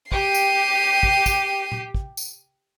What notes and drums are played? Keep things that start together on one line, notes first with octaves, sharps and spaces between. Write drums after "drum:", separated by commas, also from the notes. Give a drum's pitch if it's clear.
G4 C7 D#7, drum: kick
drum: tambourine
drum: kick
drum: kick, tambourine
drum: tom A#2
drum: kick
drum: tambourine